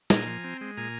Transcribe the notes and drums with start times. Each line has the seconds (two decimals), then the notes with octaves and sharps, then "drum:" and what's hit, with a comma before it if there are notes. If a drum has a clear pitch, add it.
0.10 A#2 G#5 A#5, drum: snare
0.27 F3
0.44 C4
0.61 G#3
0.77 A#2 G#5 A#5